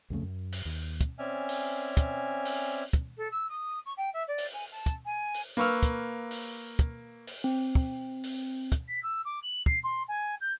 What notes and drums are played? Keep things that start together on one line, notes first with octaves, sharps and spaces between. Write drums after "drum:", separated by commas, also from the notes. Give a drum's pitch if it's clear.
C2 F2 C#3 A3
F#2
drum: open hi-hat
D#2
drum: kick, hi-hat
C4 C#4 D5 E5 G#5 F6
drum: open hi-hat
drum: kick, hi-hat
drum: open hi-hat
drum: kick, hi-hat
A4
E6
D#6
C#6
G5
E5
D5
drum: open hi-hat
G#5
A5
drum: kick, hi-hat
G#5
drum: open hi-hat
A#3 B4 C#6 E6 F6
drum: kick, hi-hat
drum: open hi-hat
drum: kick, hi-hat
drum: open hi-hat
C4
drum: kick
drum: open hi-hat
drum: kick, hi-hat
B6
E6
D6
F#7
C7, drum: kick
C6
G#5
G6